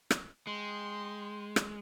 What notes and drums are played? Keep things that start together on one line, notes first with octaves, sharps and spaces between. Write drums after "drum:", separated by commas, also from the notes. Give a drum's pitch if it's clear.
drum: rim click
G#3 G5 C6
drum: rim click